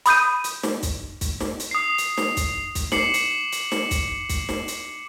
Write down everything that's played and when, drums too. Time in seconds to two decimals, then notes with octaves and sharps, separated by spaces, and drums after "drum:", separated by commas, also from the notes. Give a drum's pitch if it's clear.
0.06 B5 D#6 G6 D#7, drum: hi-hat
0.44 drum: hi-hat
0.63 drum: snare
0.83 drum: kick, hi-hat
1.21 drum: kick, hi-hat
1.40 drum: snare
1.60 drum: hi-hat
1.71 D#6 C7
1.98 drum: hi-hat
2.18 drum: snare
2.37 drum: kick, hi-hat
2.75 drum: kick, hi-hat
2.92 D6 C7 C#7 F#7, drum: snare
3.14 drum: hi-hat
3.52 drum: hi-hat
3.72 drum: snare
3.91 drum: kick, hi-hat
4.29 drum: kick, hi-hat
4.49 drum: snare
4.68 drum: hi-hat